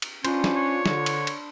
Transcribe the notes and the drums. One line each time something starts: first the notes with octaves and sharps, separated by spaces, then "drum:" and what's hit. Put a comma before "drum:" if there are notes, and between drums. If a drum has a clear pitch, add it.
drum: cymbal
C#4 D4 F4 B4 C5, drum: cymbal
drum: snare
C#5
D3, drum: snare
drum: cymbal
drum: cymbal